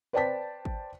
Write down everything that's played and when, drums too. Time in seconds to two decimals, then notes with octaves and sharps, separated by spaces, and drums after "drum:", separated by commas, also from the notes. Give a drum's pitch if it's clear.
0.13 B4 C5 D5 G5 A5 B6
0.65 drum: kick G#1